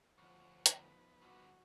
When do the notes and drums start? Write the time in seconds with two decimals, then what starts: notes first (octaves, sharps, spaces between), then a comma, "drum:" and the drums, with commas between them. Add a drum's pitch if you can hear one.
0.18 D2 F3 C#5 F#5
0.66 B3 D#4 B4, drum: hi-hat
1.22 G2 D3 F#4